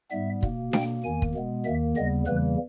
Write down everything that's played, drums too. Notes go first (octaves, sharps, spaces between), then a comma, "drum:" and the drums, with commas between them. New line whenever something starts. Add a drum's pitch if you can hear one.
G#2 G3 B3 E5
B2 A#3, drum: kick
B2 A#3 G5, drum: snare D4
E2 D#3 A#3 G#5
drum: kick
B2 G#3 B3
D#2 D#3 A#3 E5
D#2 C#3 G3 B3 D#5
E2 C#3 E3 G3 A#3 B4